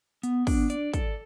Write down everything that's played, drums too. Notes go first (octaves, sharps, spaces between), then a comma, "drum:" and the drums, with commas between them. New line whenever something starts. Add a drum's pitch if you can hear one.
B3, drum: hi-hat
D4, drum: kick, open hi-hat
D5, drum: hi-hat
A4, drum: kick, hi-hat